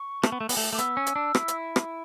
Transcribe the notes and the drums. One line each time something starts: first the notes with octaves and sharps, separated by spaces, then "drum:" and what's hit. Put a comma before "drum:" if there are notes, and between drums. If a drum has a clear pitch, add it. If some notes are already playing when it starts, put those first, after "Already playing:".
Already playing: C#6
A3, drum: rim click
B3
A3
B3, drum: open hi-hat
A3
A3 D6
B3 E6, drum: hi-hat
C#4
drum: hi-hat
D4
E4, drum: rim click
drum: hi-hat
drum: rim click